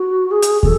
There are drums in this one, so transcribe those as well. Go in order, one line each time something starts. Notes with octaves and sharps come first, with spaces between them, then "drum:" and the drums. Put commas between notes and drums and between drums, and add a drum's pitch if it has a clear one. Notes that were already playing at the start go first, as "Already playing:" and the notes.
Already playing: F#4
G#4
drum: hi-hat
A4, drum: kick